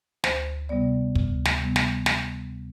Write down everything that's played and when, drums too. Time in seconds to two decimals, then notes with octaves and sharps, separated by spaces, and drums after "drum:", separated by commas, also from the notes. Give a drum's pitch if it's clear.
0.24 D2 C5, drum: snare
0.69 C3 G3 B3 D5
1.15 D2, drum: kick
1.45 drum: snare
1.61 C3 G3 B3
1.76 drum: snare
2.06 drum: snare